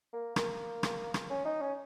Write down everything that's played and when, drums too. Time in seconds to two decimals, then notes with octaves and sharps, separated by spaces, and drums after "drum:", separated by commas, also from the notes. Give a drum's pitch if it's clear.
0.13 A#3
0.36 A#3, drum: rim click
0.83 drum: rim click
1.14 drum: rim click
1.30 C#4
1.45 D#4
1.61 C#4